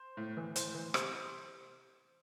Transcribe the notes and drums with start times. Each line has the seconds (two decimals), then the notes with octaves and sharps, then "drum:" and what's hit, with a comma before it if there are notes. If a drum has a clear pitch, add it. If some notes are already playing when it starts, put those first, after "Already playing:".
Already playing: C5
0.17 A2
0.37 E3
0.56 A2 C5, drum: hi-hat
0.75 E3
0.94 C3 C5, drum: rim click